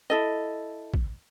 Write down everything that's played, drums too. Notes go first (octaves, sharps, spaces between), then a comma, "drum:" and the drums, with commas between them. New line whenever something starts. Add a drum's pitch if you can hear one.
E4 A4 D#5
drum: kick A1